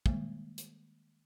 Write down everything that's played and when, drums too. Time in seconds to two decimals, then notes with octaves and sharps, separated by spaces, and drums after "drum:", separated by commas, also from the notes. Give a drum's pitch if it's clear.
0.06 D#3 G3 G#3 A#3, drum: kick
0.58 drum: hi-hat